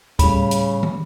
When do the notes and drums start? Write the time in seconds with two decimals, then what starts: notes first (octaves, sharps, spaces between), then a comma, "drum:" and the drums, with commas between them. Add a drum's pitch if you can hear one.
0.19 A2 C#3 G3 B5, drum: kick, hi-hat
0.51 drum: hi-hat
0.83 drum: tom